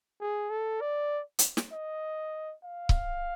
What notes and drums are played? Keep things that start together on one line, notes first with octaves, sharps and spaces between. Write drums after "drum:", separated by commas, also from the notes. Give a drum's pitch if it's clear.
G#4
A4
D5
drum: hi-hat
drum: snare
D#5
F5
drum: kick C#1